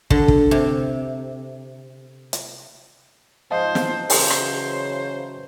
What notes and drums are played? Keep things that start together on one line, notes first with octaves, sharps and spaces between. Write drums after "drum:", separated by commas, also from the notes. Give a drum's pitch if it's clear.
D3, drum: kick
drum: kick
C3
drum: hi-hat
G#2 F3 C5 D#5 F5 A5
drum: snare
C#3 E3 F#3 C5, drum: open hi-hat
drum: rim click